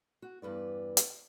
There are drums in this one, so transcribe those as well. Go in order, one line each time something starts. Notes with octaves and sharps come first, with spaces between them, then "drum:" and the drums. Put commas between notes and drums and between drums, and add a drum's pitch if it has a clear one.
F#4
E2 G2 B4 D5
drum: hi-hat